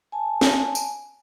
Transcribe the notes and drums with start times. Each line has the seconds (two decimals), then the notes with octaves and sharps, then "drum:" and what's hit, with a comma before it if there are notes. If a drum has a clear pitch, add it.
0.12 G#5 A5
0.41 drum: snare
0.75 drum: tambourine